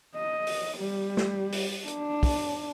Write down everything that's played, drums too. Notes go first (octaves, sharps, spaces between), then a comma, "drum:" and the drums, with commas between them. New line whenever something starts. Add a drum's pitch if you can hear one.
D#5
drum: open hi-hat
G3
drum: snare
drum: open hi-hat
D4, drum: hi-hat
drum: kick, open hi-hat